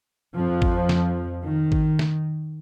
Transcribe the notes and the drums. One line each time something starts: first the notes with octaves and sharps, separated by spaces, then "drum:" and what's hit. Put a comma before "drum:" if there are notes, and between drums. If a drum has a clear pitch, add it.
F2 F3
drum: kick
drum: snare
D#3
drum: kick
drum: snare